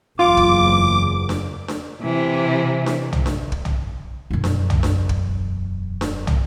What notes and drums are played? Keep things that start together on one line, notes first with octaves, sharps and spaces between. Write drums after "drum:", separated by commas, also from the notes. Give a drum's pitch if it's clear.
F#1 E2 F4 D6
drum: kick
drum: snare D4
drum: snare D4
C3 E3
drum: snare D4
drum: tom
drum: snare D4
drum: kick
drum: tom
E1 F#2
drum: snare D4
drum: tom
drum: snare D4
drum: kick
drum: snare D4
drum: tom